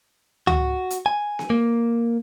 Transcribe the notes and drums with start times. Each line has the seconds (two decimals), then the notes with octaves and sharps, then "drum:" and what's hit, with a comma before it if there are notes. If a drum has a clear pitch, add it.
0.47 F#4, drum: tom C#2
0.90 drum: hi-hat
1.06 G#5
1.39 drum: snare B3
1.50 A#3